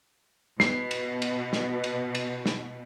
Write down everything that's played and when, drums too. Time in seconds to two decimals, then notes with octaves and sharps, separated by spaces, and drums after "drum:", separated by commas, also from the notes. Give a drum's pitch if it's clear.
0.60 B2 C7, drum: snare
0.91 drum: cymbal
1.22 drum: cymbal
1.53 drum: snare
1.84 drum: cymbal
2.15 drum: cymbal
2.46 drum: snare